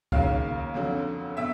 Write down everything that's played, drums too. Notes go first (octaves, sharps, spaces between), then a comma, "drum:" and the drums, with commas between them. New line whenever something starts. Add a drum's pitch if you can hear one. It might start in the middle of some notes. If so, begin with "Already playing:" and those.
D#2 C#3 F#3 A#3 F5 F6, drum: kick
F2 D3 F#3
B2 E5 E6